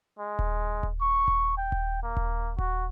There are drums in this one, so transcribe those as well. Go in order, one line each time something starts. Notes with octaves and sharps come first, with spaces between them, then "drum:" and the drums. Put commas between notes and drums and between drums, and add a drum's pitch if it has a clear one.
G#3
drum: kick D#1
drum: kick D#1
C#6
drum: kick D#1
G5
drum: kick D#1
A#3
drum: kick D#1
F#4, drum: kick D#1